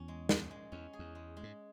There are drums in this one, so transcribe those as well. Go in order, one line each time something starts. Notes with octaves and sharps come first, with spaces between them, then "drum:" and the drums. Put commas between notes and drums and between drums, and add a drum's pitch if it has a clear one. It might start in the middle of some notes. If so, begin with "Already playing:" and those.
Already playing: E2 C#4
G#3
G#3, drum: snare
G#3
E2 C#4
G#4
E2
G#3
G#3
G#2